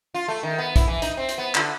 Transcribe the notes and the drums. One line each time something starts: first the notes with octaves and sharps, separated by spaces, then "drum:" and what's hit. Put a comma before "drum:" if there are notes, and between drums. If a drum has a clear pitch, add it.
F4
A3
D#3
B3
E4, drum: kick, hi-hat
E3
D#4, drum: hi-hat
C4
drum: hi-hat
B3
D3, drum: clap